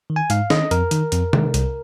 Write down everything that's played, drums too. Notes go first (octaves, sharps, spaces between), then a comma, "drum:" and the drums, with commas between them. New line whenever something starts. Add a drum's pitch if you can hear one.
D#3
G#5
G#2 F5, drum: hi-hat
D#3 D#5, drum: snare
F2 A#4, drum: hi-hat
D#3, drum: hi-hat
F2, drum: hi-hat
D#3, drum: tom C3
C2, drum: hi-hat